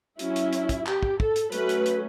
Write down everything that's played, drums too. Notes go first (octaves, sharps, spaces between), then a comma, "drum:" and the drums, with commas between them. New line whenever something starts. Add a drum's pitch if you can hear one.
F#3 C#4 E4, drum: hi-hat
drum: hi-hat
drum: hi-hat
drum: kick, hi-hat
G4, drum: clap
drum: kick
A4, drum: kick
drum: hi-hat
F#3 A3 C#4 B4, drum: hi-hat
drum: hi-hat
drum: hi-hat